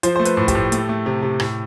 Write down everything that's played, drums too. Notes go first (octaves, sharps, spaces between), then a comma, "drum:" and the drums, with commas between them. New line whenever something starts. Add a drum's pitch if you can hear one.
F3 C5, drum: hi-hat
A3 C5
B4, drum: hi-hat
A2
G4, drum: kick, hi-hat
A2
A3, drum: hi-hat
A3
C3
C3
A2, drum: rim click